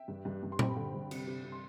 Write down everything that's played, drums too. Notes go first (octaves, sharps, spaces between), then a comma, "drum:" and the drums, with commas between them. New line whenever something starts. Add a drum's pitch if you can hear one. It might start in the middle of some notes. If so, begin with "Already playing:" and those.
Already playing: E5 G5
G2
G2
G2
C6
C4 G5 B5, drum: tom A#2
D3
G2
C3, drum: cymbal
C3
C3
C6